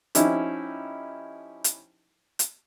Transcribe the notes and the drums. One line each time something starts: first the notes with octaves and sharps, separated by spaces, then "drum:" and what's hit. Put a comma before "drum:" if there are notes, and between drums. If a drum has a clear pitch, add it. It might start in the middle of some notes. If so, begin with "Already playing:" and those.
F3 C#4 D#4 E4 G4, drum: hi-hat
drum: hi-hat
drum: hi-hat